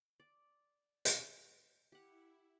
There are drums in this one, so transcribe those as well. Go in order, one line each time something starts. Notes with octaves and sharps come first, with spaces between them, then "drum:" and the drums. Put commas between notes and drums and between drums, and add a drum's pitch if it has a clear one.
D5
drum: hi-hat
E4 G4 F#5